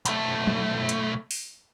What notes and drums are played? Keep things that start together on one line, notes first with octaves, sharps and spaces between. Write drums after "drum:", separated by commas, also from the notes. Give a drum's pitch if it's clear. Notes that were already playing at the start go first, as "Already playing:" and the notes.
B1 A3, drum: hi-hat
drum: tom
drum: hi-hat
drum: open hi-hat